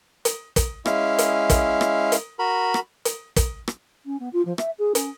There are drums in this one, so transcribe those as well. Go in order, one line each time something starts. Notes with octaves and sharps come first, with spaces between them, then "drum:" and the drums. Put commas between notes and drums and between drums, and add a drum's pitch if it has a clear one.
drum: hi-hat
drum: kick, hi-hat
G#3 C#4 E4 F5, drum: rim click
drum: hi-hat
drum: kick, hi-hat
drum: rim click
drum: hi-hat
F#4 A#4 B5
drum: rim click
drum: hi-hat
drum: kick, hi-hat
drum: rim click
C#4
B3
F4
F3
E5, drum: rim click
G#4
C#4, drum: hi-hat